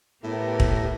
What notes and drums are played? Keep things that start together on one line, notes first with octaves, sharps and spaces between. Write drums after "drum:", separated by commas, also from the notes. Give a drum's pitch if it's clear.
A2 B3 G4 A#4
drum: kick